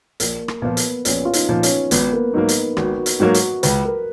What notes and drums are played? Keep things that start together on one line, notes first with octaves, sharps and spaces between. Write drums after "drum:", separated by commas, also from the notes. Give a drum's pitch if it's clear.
A#1 A#3, drum: hi-hat
drum: rim click
A#2 F3 B3
drum: hi-hat
A#1 C#4, drum: hi-hat
F4
D#4, drum: hi-hat
A#2 F3
C#4, drum: hi-hat
G#1 B3, drum: hi-hat
A#3
G#2 F#3 A#3 D#4
drum: hi-hat
G#1 F#4, drum: rim click
drum: hi-hat
G#2 F#3 A#3 F#4
drum: hi-hat
C#2 B4, drum: hi-hat
A#4